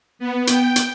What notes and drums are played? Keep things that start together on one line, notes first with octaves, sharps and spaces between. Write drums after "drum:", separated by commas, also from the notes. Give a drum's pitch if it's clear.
B3
G5, drum: hi-hat
drum: hi-hat